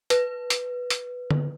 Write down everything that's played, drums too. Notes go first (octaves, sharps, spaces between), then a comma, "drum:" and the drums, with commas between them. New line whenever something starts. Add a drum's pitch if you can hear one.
B4, drum: hi-hat
drum: hi-hat
drum: hi-hat
drum: tom D3